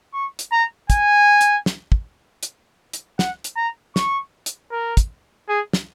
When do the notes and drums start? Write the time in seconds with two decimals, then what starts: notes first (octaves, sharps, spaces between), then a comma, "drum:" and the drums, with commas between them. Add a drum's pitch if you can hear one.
0.14 C#6
0.39 drum: hi-hat
0.52 A#5
0.90 G#5, drum: kick, hi-hat
1.41 drum: hi-hat
1.66 drum: snare
1.92 drum: kick
2.43 drum: hi-hat
2.93 drum: hi-hat
3.19 F#5, drum: snare
3.44 drum: hi-hat
3.57 A#5
3.96 C#6, drum: snare
4.46 drum: hi-hat
4.72 A#4
4.97 drum: kick, hi-hat
5.49 G#4
5.73 drum: snare